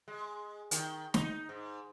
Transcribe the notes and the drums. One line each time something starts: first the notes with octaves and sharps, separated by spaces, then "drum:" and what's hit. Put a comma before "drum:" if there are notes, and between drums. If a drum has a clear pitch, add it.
G#3
D#3, drum: hi-hat
D#4, drum: snare
G#2